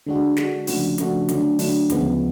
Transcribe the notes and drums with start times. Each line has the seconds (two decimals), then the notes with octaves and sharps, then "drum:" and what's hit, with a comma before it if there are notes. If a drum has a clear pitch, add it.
0.06 D3 G#3 D4 F#4
0.36 D3 G#3 D4 F#4, drum: snare
0.67 C#3 F3 A3 D4 F#4, drum: open hi-hat
0.98 C#3 F3 A3 D4 F#4, drum: hi-hat
1.29 D3 F#3 A3 D4, drum: hi-hat
1.59 D3 F#3 A3 D4, drum: open hi-hat
1.90 D2 C#3 F3 G#3 B3, drum: hi-hat